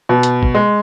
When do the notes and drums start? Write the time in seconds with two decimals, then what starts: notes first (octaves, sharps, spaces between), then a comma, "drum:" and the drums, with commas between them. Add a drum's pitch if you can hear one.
0.09 B2
0.23 drum: hi-hat
0.43 drum: kick
0.55 G#3